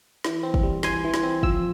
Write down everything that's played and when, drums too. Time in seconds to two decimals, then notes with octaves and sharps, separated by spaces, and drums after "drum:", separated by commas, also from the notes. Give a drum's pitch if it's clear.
0.24 E3, drum: snare
0.43 C4
0.54 drum: kick
0.63 G3
0.83 E3 G#5 C6, drum: snare
1.04 E3
1.14 drum: snare
1.23 C4
1.43 F3 E6, drum: kick